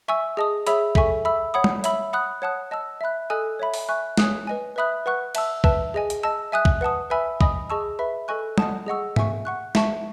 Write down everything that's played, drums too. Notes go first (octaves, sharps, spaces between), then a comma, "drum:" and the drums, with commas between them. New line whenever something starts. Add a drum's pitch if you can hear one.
E5 G#5 C#6 E6
G#4 D#5 A5 D#6
G#4 C#5 E5 B5 E6, drum: hi-hat
A4 E5 G#5 C#6, drum: kick B1
E5 B5 E6
C#5 F#5 B5 D#6
drum: tom G3
C#5 E5 B5 E6, drum: hi-hat
F#5 B5 D#6 F#6
C#5 F#5 A5 D#6 F#6
D#5 A5 E6
E5 B5 F#6
A4 D#5 G#5 D#6 F#6
C#5 E5 B5
drum: open hi-hat
E5 G#5 C#6 F#6
C#5 G#5 D#6 F#6, drum: snare
B4 D#5 G#5
B4 E5 B5 D#6 F#6
B4 F#5 C#6 F#6
E5 A5 E6, drum: cymbal
B4 E5 A5 E6, drum: kick B1
G#4 D#5 G#5
drum: hi-hat
D#5 A5 E6
E5 G#5 D#6 F#6
drum: kick B1
B4 F#5 A5 D#6
B4 E5 G#5 B5 E6
D#5 G#5 B5 D#6, drum: kick B1
G#4 D#5 A5 C#6 E6
B4 E5 B5
A4 D#5 G#5 C#6 F#6
D#5 F#5 A5 D#6, drum: tom G3
G#4 D#5 F#5 C#6 E6
E5 G#5 C#6, drum: tom G#2
F#5 C#6 F#6
E5 A5 C#6, drum: snare